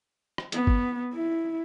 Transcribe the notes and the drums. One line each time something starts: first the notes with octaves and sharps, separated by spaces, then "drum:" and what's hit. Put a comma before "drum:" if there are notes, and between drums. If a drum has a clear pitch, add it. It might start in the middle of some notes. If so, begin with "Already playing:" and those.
drum: rim click
B3, drum: hi-hat
drum: kick G1
E4